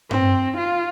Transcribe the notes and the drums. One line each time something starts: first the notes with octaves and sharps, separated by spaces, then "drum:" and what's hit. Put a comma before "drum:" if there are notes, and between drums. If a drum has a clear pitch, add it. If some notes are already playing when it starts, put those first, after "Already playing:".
C4, drum: tom G2
F4